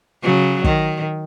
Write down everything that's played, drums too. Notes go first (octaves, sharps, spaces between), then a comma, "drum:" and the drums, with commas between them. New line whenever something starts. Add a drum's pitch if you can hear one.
C#3 F#3
D#3, drum: kick